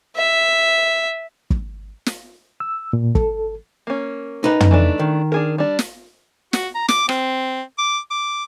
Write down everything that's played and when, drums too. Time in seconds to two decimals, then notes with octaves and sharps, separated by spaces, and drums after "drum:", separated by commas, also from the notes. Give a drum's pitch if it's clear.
0.16 E5
1.50 drum: kick
2.06 drum: snare
2.60 E6
2.93 A#2
3.15 A4, drum: kick
3.87 A#3 C#4
4.44 D#4 B4
4.60 drum: tom
4.71 E3 A3 D4
4.99 D#3
5.32 D4 G#4 A#4
5.58 G3 D4
5.79 drum: snare
6.53 F#4, drum: snare
6.75 A#5
6.88 D6, drum: snare
7.09 C4, drum: rim click
7.78 D6
8.11 D6